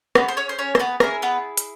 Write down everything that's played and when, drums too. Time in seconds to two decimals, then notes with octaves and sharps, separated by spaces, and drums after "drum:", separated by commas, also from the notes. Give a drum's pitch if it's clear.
0.15 B3 C#4 G#4 B4, drum: rim click
0.28 C5
0.37 C#4 C#5
0.49 C5
0.59 C#4 C#5
0.75 C5, drum: rim click
0.79 B3 B4
1.00 C#4 E4 G#4 A#4, drum: rim click
1.22 B3 B4
1.57 drum: hi-hat